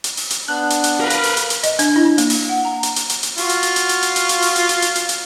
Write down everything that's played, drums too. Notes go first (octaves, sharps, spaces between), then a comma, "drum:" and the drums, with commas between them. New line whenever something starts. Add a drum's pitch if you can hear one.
drum: hi-hat
drum: open hi-hat
drum: hi-hat
B3 D4 F#6
drum: hi-hat
drum: hi-hat
A#4 B4 F5
drum: hi-hat
drum: open hi-hat
drum: hi-hat
drum: hi-hat
D#5, drum: hi-hat
D4, drum: hi-hat
E4
A#3, drum: hi-hat
drum: open hi-hat
F#5
A#5
drum: hi-hat
drum: hi-hat
drum: hi-hat
drum: hi-hat
F4 F#4, drum: open hi-hat
drum: hi-hat
drum: hi-hat
drum: hi-hat
drum: hi-hat
drum: hi-hat
drum: hi-hat
drum: hi-hat
drum: open hi-hat
drum: hi-hat
drum: hi-hat
drum: hi-hat
drum: hi-hat
drum: hi-hat